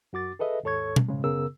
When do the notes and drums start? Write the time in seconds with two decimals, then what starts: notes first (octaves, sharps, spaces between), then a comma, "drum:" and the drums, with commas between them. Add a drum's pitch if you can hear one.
0.13 F#2 F#4 D6 A6
0.39 G#4 A4 B4 D#5 E5
0.63 D#2 G#2 A4 C#5 C#6 G#6
0.96 drum: tom B2
1.09 G#2 C#3 G#3
1.24 F#2 C#3 B3 G#4 A#4 E6